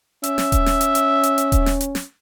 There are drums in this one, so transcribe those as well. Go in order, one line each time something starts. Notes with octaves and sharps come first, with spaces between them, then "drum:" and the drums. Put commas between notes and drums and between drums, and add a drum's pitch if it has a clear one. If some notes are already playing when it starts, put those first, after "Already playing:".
C#4 E5, drum: hi-hat
drum: snare
drum: kick D#1, hi-hat
drum: snare
drum: hi-hat
drum: hi-hat
drum: hi-hat
drum: hi-hat
drum: kick D#1, hi-hat
drum: snare
drum: hi-hat
drum: snare